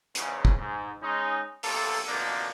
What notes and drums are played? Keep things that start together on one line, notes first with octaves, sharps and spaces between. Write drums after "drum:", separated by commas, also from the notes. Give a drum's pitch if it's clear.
E2 G#2 C#3, drum: hi-hat
drum: kick
G#2
G#3 C#4 D#4
B1 C3 A#3 A4, drum: open hi-hat
A1 B2 D3 F3 A#3 D4